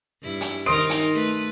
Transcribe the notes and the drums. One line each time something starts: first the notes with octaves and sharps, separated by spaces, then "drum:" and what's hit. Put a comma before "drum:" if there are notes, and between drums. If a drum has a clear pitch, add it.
G2 E4
drum: hi-hat
D#3 D#4 A#4 C6 D#6 D7
drum: hi-hat
A3 B4